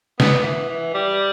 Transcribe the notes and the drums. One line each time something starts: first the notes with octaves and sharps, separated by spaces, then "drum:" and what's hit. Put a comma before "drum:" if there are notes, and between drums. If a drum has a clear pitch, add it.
B3, drum: snare
E3
E3
G3